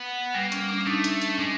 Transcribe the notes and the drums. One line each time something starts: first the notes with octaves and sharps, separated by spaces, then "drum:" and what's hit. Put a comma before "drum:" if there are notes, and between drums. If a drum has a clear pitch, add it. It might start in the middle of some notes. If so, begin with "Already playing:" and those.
Already playing: B3
G3 A#3
C#4, drum: hi-hat
D4
D4
A3 D#4
drum: hi-hat
drum: hi-hat
C#4
G#3 D4